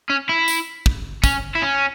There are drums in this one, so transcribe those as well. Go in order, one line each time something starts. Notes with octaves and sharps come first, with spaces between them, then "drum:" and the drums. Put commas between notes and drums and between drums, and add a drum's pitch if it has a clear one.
C#4
E4
drum: tambourine
drum: kick
C#4, drum: kick, tambourine
E4
C#4